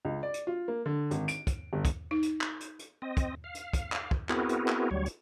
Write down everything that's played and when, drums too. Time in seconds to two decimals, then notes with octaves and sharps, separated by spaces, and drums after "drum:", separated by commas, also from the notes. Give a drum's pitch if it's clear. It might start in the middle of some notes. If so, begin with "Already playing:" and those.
0.05 C#2
0.23 D5
0.34 drum: hi-hat
0.47 F4
0.68 A#3
0.86 D3
1.11 G#1, drum: hi-hat
1.28 D7, drum: hi-hat
1.47 drum: kick, hi-hat
1.73 G1
1.85 drum: kick, hi-hat
2.11 D#4
2.22 drum: hi-hat
2.41 drum: clap
2.60 drum: hi-hat
2.79 drum: hi-hat
3.02 C4 D#5
3.17 drum: kick, hi-hat
3.44 F5
3.55 drum: hi-hat
3.73 drum: kick, hi-hat
3.92 drum: clap
4.11 drum: kick
4.29 B3 C4 E4 F#4 G#4 A#4, drum: clap
4.49 drum: hi-hat
4.68 drum: clap
4.91 D2 F#3 G3 C#5
5.06 drum: hi-hat